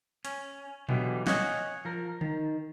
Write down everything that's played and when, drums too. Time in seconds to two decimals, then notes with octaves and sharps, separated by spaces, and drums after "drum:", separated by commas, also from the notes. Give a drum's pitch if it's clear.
0.25 C#4, drum: hi-hat
0.89 B2 D3 E3 F#3 G3 B3, drum: tom A#2
1.27 C#5 D#5 F5 F#5 G#5, drum: snare
1.85 F3 A#4
2.21 D#3, drum: tom D3